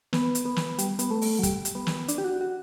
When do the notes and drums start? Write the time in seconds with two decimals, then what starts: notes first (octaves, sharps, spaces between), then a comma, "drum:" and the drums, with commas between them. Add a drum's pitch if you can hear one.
0.13 B3, drum: snare
0.35 drum: hi-hat
0.45 B3
0.56 drum: snare
0.79 G3, drum: hi-hat
0.99 B3, drum: hi-hat
1.11 A3
1.21 drum: open hi-hat
1.39 F#3
1.43 G3, drum: kick, hi-hat
1.65 drum: hi-hat
1.75 B3
1.87 drum: snare
2.08 D4, drum: hi-hat
2.18 G4
2.24 F#4
2.41 F#4